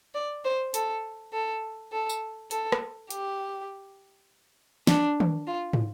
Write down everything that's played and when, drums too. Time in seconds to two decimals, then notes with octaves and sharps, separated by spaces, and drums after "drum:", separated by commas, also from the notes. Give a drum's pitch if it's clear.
0.14 D5
0.45 C5
0.74 A4, drum: hi-hat
1.33 A4
1.92 A4
2.09 drum: tambourine
2.51 A4, drum: hi-hat
2.72 drum: rim click
3.10 G4, drum: hi-hat
4.87 D4, drum: snare
5.20 drum: tom D#3
5.47 F4
5.73 drum: tom